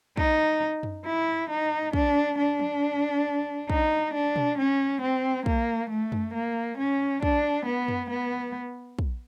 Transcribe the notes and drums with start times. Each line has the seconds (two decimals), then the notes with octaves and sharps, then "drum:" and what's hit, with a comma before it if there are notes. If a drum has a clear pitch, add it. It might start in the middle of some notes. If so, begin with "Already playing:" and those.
0.17 D#4, drum: kick
0.83 drum: tom F#2
1.05 E4
1.50 D#4
1.93 D4, drum: kick
2.38 D4
2.60 drum: tom
3.70 D#4, drum: kick
4.14 D4
4.36 drum: tom B2
4.58 C#4
5.02 C4
5.46 A#3, drum: kick
5.90 A3
6.12 drum: tom F#2
6.34 A#3
6.78 C#4
7.23 D4, drum: kick
7.66 B3
7.88 drum: tom F#2
8.10 B3
8.99 drum: kick